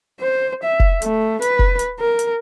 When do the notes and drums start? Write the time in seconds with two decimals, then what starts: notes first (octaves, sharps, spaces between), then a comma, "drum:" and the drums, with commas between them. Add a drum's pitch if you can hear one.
0.20 C5
0.64 E5
0.80 drum: kick F1
1.02 A3, drum: hi-hat
1.42 B4, drum: hi-hat
1.59 drum: kick F1
1.79 drum: hi-hat
2.00 A#4
2.19 drum: hi-hat